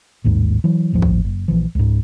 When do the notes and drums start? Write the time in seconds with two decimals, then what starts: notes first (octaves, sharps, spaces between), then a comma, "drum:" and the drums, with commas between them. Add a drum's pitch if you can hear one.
0.24 A1 D#2 G#2
0.64 E3 F#3
0.93 G1 D#2 A2 F3
1.02 drum: kick
1.25 F#1
1.48 A#1 E3 F3
1.75 C#2 G#2